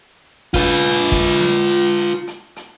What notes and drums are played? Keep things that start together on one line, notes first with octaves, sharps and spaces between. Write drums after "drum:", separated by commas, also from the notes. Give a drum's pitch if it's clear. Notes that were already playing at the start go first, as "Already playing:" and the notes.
F4 B4, drum: kick, hi-hat
drum: kick, hi-hat
drum: snare
drum: hi-hat
drum: hi-hat
drum: hi-hat
drum: hi-hat